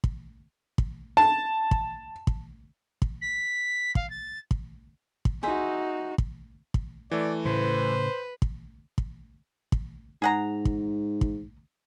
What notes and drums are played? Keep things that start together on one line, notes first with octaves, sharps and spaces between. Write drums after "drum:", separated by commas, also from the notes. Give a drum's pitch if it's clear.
drum: kick
drum: kick
A5
drum: kick
drum: kick
drum: kick
B6
F5, drum: kick
A6
drum: kick
drum: kick
D#4 F#4 G#4 C5 E5
drum: kick
drum: kick
E3 A3 D5
A2 C#3 B4 C5
drum: kick
drum: kick
drum: kick
G#2 G#4 F#5 A#5
drum: kick
drum: kick